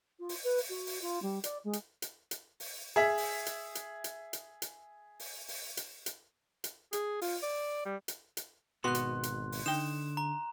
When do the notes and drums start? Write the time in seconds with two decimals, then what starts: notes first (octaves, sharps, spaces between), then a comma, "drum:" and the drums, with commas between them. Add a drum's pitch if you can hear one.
0.19 F4
0.29 drum: open hi-hat
0.44 B4
0.58 drum: open hi-hat
0.69 F#4
0.87 drum: open hi-hat
1.02 F4
1.22 G3
1.44 D5, drum: hi-hat
1.64 G#3
1.73 drum: hi-hat
2.02 drum: hi-hat
2.31 drum: hi-hat
2.60 drum: open hi-hat
2.96 G#4 E5 B6
3.18 drum: open hi-hat
3.46 drum: hi-hat
3.75 drum: hi-hat
4.04 drum: hi-hat
4.33 drum: hi-hat
4.62 drum: hi-hat
5.20 drum: open hi-hat
5.48 drum: open hi-hat
5.77 drum: hi-hat
6.06 drum: hi-hat
6.64 drum: hi-hat
6.93 G#4, drum: hi-hat
7.21 F4, drum: open hi-hat
7.42 D5
7.85 G3
8.08 drum: hi-hat
8.37 drum: hi-hat
8.84 G#1 B2 B3 F#4 C6 F#6
8.95 drum: hi-hat
9.23 drum: hi-hat
9.52 drum: open hi-hat
9.66 D3 D#4 G5 E7
10.17 A#5